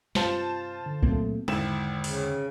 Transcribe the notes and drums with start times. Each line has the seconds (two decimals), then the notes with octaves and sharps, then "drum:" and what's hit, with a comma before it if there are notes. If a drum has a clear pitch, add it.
0.15 G2 C3 F4 C5 A5, drum: snare
0.86 D3
1.03 A#2 F#3 A3 A#3 C4, drum: kick C2
1.48 G#1 E2 D3 G#3 E4 G5 E7
2.04 C#3, drum: open hi-hat